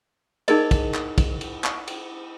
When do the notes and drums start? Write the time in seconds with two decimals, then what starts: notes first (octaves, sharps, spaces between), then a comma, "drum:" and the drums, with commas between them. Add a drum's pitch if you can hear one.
0.48 D#4 G#4 A#4 D#5, drum: cymbal
0.71 drum: kick, cymbal
0.94 drum: clap
1.18 drum: kick, cymbal
1.41 drum: cymbal
1.64 drum: clap
1.88 drum: cymbal